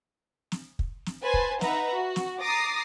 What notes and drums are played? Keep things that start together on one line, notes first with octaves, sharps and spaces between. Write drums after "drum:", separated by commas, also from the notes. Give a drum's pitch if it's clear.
drum: snare
drum: kick
drum: snare
B4 C5 G#5 A5
drum: kick
D#4 B4 E5 F#5 A#5, drum: snare
F#4
drum: snare
A#5 D6 D#6 A6 A#6 C7